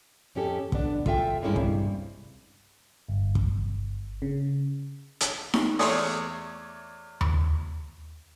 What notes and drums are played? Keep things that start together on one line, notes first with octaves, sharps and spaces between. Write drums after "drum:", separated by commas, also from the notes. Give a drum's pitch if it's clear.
F2 C#4 G4 A4
B3 D4, drum: kick
F4 A4 E5 G5, drum: kick
E2 G2 G#3 A#3 C#4 E4
G2 C3, drum: kick
G1
drum: kick
C#3
drum: hi-hat
drum: snare D#4
E2 A3 C#5 D5 C6 D#6, drum: open hi-hat
drum: tom D#2